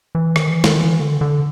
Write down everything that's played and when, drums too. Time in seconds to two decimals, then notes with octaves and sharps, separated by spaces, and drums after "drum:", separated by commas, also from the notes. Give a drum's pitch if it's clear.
0.15 E3
0.36 D#3, drum: rim click
0.50 E3
0.64 D#3, drum: snare
0.78 E3
1.00 D3
1.21 D3